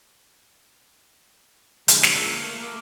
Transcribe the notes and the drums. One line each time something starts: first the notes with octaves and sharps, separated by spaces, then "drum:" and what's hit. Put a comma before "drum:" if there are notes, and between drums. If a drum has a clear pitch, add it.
E2 D3 F3 G3 G#3, drum: hi-hat
C3, drum: snare
C#2 A#3 D4 E6 F#6
F6
A3
A3 D6